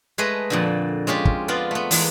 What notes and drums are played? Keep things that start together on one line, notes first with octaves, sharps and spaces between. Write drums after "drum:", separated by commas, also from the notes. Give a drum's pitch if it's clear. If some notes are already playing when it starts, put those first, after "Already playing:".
G#3 A3 G#4 B4 D#5
F2 A#2 D3
G#3 C#4 F4 G4
drum: kick
G#3 B3 F4 D5
A3 B3
E2 G#3 A#3, drum: open hi-hat